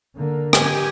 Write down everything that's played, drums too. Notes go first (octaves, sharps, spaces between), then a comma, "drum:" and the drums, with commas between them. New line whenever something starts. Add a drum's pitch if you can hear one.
D3 A#3
G4 G#5, drum: rim click